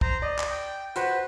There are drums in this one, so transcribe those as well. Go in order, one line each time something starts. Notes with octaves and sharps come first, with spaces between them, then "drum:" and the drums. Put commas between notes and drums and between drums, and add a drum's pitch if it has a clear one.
C5 A#5, drum: kick
D5 D#5
drum: clap
G5
F#4 B4 C5, drum: hi-hat